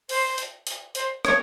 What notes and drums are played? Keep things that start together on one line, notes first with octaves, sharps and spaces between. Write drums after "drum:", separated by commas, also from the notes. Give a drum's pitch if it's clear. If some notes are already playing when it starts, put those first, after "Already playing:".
C5, drum: open hi-hat
drum: hi-hat
drum: hi-hat
C5, drum: hi-hat
C#5, drum: rim click